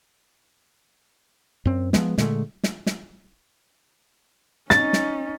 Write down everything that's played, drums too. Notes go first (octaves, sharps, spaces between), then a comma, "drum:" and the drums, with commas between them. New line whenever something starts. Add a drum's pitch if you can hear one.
F#2 C4
F3 G#3 B3, drum: snare
A#2 D3 G#3 A3, drum: snare
drum: snare
drum: snare
C#4 D#4 A6, drum: snare
drum: snare